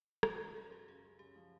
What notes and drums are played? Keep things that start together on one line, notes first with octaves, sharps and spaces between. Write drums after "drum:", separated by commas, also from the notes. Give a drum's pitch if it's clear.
B1 F#4, drum: rim click
B1
F#2 G#4
F#2 G4
C#3 G#4
C#2
F#2 G4
F3